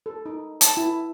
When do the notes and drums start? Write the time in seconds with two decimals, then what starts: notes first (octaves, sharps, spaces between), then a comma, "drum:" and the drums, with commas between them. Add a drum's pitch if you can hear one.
0.06 A4
0.26 D#4
0.61 A5, drum: hi-hat
0.77 E4